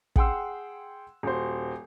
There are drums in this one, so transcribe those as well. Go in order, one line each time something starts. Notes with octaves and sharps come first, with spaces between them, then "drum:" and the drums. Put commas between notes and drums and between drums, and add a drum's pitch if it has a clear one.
G#4 F#5 G5 C6 E6, drum: kick
D#1 F#4 C5